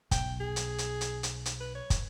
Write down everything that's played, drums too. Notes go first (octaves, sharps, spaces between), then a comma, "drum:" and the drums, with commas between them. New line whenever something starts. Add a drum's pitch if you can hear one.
B1 G5, drum: kick, hi-hat
G#4
drum: hi-hat
drum: hi-hat
drum: hi-hat
drum: hi-hat
drum: hi-hat
B4
C#5
drum: kick, hi-hat